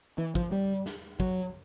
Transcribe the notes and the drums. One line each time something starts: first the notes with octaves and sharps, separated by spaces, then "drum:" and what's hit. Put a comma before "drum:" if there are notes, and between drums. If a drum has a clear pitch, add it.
E3
F3, drum: kick
G3
drum: snare
F#3, drum: kick